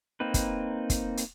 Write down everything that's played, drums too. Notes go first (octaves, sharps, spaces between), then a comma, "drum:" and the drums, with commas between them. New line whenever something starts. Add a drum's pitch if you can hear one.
A#3 C4 D#4 B4
drum: kick, hi-hat
drum: kick, hi-hat
drum: hi-hat